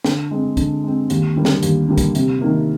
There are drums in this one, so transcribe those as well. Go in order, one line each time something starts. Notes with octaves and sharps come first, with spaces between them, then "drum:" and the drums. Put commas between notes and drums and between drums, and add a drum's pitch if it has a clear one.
D3, drum: snare
G#3 C4
D3, drum: kick, hi-hat
G#3 C4
D#2, drum: hi-hat
D3 G3 A#3
drum: snare
D#2, drum: hi-hat
D3 G3 A#3
drum: kick, hi-hat
C3, drum: hi-hat
D#3 A#3